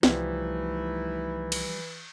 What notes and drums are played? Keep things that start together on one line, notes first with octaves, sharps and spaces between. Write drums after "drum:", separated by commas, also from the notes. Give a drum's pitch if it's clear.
C2 E3 F3 G3 A3 D#4 E4, drum: snare
drum: cymbal